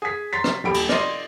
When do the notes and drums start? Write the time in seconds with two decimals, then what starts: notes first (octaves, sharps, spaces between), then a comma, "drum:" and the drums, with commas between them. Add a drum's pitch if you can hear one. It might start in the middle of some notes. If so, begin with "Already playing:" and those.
0.02 G#4 B6
0.33 A#5 C6 A6 B6
0.44 drum: rim click
0.64 D#1 G4 B5 D7
0.74 drum: cymbal
0.89 D5 D#5 C6, drum: rim click